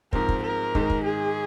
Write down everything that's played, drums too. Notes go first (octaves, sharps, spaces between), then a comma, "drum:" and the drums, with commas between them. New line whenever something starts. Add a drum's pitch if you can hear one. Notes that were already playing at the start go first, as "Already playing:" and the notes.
G#2 F3 C4 A#4, drum: kick
drum: kick
A#4
G#2 D#3 G#3, drum: kick
drum: kick
G#4